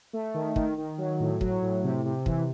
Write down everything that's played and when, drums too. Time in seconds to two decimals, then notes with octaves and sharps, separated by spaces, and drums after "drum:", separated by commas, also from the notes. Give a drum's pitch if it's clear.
0.13 A3
0.34 D#3
0.56 D#3, drum: kick
0.77 D#3
0.98 F#3
1.20 A2
1.41 F#3, drum: kick
1.62 A2
1.84 C3
2.05 C3
2.26 E3, drum: kick